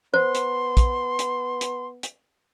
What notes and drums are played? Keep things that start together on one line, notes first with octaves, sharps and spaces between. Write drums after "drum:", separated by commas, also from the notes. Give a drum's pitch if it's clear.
B3 C5 C6
drum: hi-hat
drum: kick, hi-hat
drum: hi-hat
drum: hi-hat
drum: hi-hat